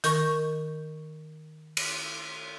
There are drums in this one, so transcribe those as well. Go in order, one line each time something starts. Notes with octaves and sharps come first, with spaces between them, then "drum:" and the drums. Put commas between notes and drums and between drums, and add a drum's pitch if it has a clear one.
D#3 A#4 C#6, drum: hi-hat
drum: cymbal